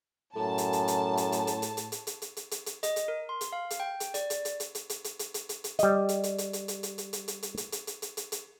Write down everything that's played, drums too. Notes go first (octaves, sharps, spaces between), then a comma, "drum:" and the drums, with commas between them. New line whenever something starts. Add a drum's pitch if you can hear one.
F#2 A2 A5
drum: hi-hat
drum: hi-hat
drum: hi-hat
drum: hi-hat
drum: hi-hat
drum: hi-hat
drum: hi-hat
drum: hi-hat
drum: hi-hat
drum: hi-hat
drum: hi-hat
drum: hi-hat
drum: hi-hat
drum: hi-hat
D#5, drum: hi-hat
drum: hi-hat
A#4
C6
drum: hi-hat
F5
drum: hi-hat
G5
drum: hi-hat
D5, drum: hi-hat
drum: hi-hat
drum: hi-hat
drum: hi-hat
drum: hi-hat
drum: hi-hat
drum: hi-hat
drum: hi-hat
drum: hi-hat
drum: hi-hat
drum: hi-hat
G3 D#5, drum: hi-hat
drum: hi-hat
drum: hi-hat
drum: hi-hat
drum: hi-hat
drum: hi-hat
drum: hi-hat
drum: hi-hat
drum: hi-hat
drum: hi-hat
drum: hi-hat
drum: hi-hat
drum: hi-hat
drum: hi-hat
drum: hi-hat
drum: hi-hat
drum: hi-hat